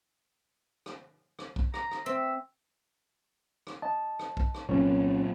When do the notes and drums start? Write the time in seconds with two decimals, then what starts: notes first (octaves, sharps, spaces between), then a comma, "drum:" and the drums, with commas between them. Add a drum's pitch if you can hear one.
0.86 drum: rim click
1.39 drum: rim click
1.56 drum: kick
1.74 A#5, drum: rim click
1.91 drum: rim click
2.06 C4 E5
3.67 drum: rim click
3.82 D#5 A5
4.19 drum: rim click
4.37 drum: kick
4.54 drum: rim click
4.69 C2 A#2 F#3 C4 C#4 C#5